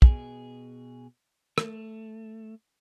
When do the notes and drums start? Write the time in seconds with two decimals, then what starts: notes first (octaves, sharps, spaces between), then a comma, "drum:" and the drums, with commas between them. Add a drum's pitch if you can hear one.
0.02 B2 G#4, drum: kick
1.58 A3, drum: rim click